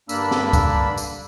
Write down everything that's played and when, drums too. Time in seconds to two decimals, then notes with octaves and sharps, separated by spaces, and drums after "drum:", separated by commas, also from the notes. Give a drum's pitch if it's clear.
0.09 G2 D3 A#3 D4 B5 E6, drum: tambourine
0.31 drum: snare
0.53 drum: kick C2, tambourine
0.98 drum: tambourine